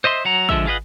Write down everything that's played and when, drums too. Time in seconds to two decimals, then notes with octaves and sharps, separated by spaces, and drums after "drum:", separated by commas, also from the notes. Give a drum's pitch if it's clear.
0.04 C5 D#5 E5 C6
0.25 F#3 F#5 A#5
0.49 D3 F3 G#3 E5 E6, drum: kick
0.66 F4 G#4 B4 D#5 F#5